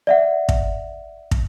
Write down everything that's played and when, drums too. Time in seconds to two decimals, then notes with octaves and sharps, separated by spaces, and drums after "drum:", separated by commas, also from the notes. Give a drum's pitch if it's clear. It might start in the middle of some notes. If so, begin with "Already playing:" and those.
0.07 D5 E5 F#5
0.49 drum: kick
1.31 drum: kick